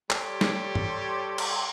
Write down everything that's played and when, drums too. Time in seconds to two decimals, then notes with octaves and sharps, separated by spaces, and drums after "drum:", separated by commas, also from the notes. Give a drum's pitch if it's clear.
0.10 G3 G4 A4 C#5 C6, drum: clap
0.41 drum: snare
0.75 drum: tom
1.38 drum: cymbal